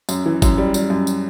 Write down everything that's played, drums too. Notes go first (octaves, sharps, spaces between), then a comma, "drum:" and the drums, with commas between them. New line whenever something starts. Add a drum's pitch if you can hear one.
F#2, drum: tambourine
E3
F#2, drum: kick G1, tambourine
G3
G3, drum: tambourine
F#2
drum: tambourine